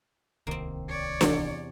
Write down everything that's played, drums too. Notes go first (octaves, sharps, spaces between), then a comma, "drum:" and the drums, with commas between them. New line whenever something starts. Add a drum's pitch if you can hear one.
D1 C2 D#3 A#3 C4
C#5 D5
E2 C3, drum: snare D4